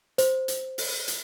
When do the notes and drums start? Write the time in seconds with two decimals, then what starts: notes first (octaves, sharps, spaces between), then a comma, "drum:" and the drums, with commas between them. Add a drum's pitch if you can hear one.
0.18 C5, drum: hi-hat
0.48 drum: hi-hat
0.78 drum: open hi-hat
1.08 drum: hi-hat